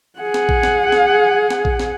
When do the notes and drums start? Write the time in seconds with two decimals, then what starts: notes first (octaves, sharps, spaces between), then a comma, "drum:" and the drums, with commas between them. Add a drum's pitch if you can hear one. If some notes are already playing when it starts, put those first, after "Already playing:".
0.20 G#4 F#5
0.34 drum: snare
0.49 drum: kick A#1
0.63 drum: snare
0.92 drum: snare
1.50 drum: snare
1.65 drum: kick A#1
1.80 drum: snare